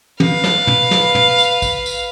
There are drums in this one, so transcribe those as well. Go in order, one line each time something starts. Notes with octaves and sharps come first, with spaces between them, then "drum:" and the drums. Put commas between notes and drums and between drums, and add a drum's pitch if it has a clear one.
B4 F5, drum: tom
drum: snare
drum: tom
drum: snare
drum: tom
drum: tambourine
drum: kick A#1, tambourine
drum: tambourine